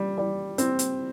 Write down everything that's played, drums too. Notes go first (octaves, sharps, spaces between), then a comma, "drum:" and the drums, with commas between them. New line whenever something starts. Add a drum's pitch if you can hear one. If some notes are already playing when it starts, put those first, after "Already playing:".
Already playing: G3
G3
C4, drum: hi-hat
drum: hi-hat